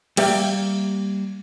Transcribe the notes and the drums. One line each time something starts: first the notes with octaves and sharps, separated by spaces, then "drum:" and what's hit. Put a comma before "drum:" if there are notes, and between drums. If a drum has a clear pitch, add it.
G3 A#3 G4 E5 F5, drum: cymbal